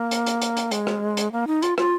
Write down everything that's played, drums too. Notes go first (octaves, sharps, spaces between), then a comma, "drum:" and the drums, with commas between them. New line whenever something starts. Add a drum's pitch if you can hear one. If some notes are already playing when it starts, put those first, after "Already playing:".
Already playing: A#3
drum: hi-hat
drum: hi-hat
drum: hi-hat
drum: hi-hat
G#3, drum: hi-hat
drum: rim click
drum: hi-hat
A#3
D#4
F4, drum: hi-hat
F4, drum: rim click